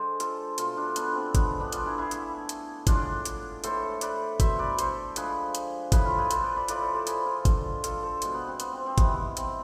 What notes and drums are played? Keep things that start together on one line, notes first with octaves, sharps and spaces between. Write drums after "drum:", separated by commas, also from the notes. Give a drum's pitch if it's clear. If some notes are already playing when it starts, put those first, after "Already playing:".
Already playing: D3 G#3 C5 D5
F4 A4, drum: hi-hat
B2 A3 F4 A4, drum: hi-hat
D4 F4
B3 D4, drum: hi-hat
C4
D3 G#3 B3, drum: kick G1, hi-hat
B3 D4
D4 F4, drum: hi-hat
E4 G#4
E4 G#4
D3 A3, drum: hi-hat
drum: hi-hat
A2 G#3 D4 F4, drum: kick G1, hi-hat
drum: hi-hat
A2 E3 A3 A4 C5, drum: hi-hat
B4 D5, drum: hi-hat
B2 A3 C5 E5, drum: kick G1, hi-hat
B4 D5
A4 C5, drum: hi-hat
D3 F3 G#3 G#4 B4, drum: hi-hat
drum: hi-hat
A2 G#3 G#4 B4, drum: kick G1, hi-hat
F4 A4
G#4 B4
A4 C5, drum: hi-hat
B4 D5
B4 D5
A2 F3 A3 B4 D5, drum: hi-hat
A4 C5
A4 C5
G#4 B4, drum: hi-hat
F4 A4
D3 F3 G#3, drum: kick G1, hi-hat
F4 A4, drum: hi-hat
A4 C5
B2 G#3, drum: hi-hat
B3
C4
B3, drum: hi-hat
C4
C4
C3 E3 G#3 B3, drum: kick G1, hi-hat
C4, drum: hi-hat